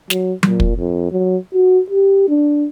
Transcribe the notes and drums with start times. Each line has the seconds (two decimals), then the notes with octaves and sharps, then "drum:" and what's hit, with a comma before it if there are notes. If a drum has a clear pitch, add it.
0.10 F#3, drum: snare
0.43 A#2, drum: tom F#3
0.60 drum: kick
0.77 F2
1.11 F#3
1.54 F#4
1.90 G4
2.28 D4